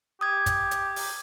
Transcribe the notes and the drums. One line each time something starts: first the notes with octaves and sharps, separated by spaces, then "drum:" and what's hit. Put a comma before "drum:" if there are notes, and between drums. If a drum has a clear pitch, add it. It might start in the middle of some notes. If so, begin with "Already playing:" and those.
G4 D#6 G#6
drum: kick, hi-hat
drum: hi-hat
drum: open hi-hat